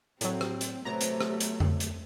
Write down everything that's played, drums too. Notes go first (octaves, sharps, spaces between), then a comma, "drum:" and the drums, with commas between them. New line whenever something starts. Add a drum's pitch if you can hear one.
A2 F#3 C4, drum: hi-hat
drum: rim click
drum: hi-hat
C3 F#3 A3 B3 A#5
drum: hi-hat
drum: rim click
drum: hi-hat
drum: tom F2
drum: hi-hat